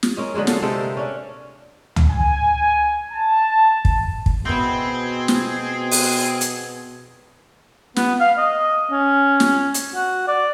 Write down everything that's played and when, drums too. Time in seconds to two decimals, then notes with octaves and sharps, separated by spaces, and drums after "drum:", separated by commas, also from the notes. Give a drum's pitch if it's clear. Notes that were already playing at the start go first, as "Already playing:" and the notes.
0.03 drum: snare
0.17 G#3 C#4 A#4
0.34 D3 F#3 G#3 G#4
0.47 A4 F5, drum: snare
0.62 C3 G#3 G4 A4
0.80 A#4
0.97 C#4 D4
1.96 drum: tom C#2
2.08 G#5
3.10 A5
3.85 drum: kick
4.26 drum: kick
4.45 B2 B3 C4 E4 G#4 G5
5.28 drum: snare
5.92 drum: open hi-hat
6.41 drum: hi-hat
7.96 B3, drum: snare
8.20 F5
8.38 D#5
8.92 C#4
9.40 drum: snare
9.74 drum: hi-hat
9.95 F#4
10.28 D5